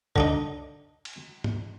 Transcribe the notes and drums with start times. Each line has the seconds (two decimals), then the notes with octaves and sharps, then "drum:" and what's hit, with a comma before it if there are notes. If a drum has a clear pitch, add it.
0.16 D3 D4 D#4, drum: kick C2
1.05 drum: cymbal
1.44 drum: tom G#2